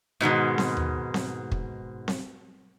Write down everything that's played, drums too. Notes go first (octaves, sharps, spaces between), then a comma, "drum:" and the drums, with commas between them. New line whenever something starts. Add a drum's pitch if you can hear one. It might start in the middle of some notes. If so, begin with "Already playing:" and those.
G#2 B2 D#3 G#3
drum: snare C4
drum: tom D#2
drum: snare C4
drum: kick
drum: snare C4